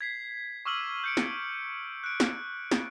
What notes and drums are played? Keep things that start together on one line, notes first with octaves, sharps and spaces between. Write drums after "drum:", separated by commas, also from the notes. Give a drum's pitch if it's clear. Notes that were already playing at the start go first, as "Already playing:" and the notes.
G#6 B6 C7
C#6 D6 E6 F6 D#7 F#7
G6 C#7 D7
drum: snare
F#6 D7
drum: snare
drum: snare